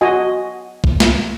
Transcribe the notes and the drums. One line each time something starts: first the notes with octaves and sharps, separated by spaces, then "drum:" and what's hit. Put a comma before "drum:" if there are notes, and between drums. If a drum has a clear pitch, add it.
F#4 D#5 G#5
drum: kick B1
drum: snare